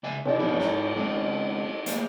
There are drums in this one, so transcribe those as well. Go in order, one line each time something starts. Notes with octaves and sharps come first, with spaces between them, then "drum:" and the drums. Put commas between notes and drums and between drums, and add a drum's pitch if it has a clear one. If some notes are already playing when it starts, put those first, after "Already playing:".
C#2 D5 E5 G#5
C3 D4, drum: cymbal
G2 B2 F3 D4 E4
G#2 C#5 A#5, drum: snare
G#3 C4 C#4
A3 A#3 G#4 C5 E5 F5, drum: hi-hat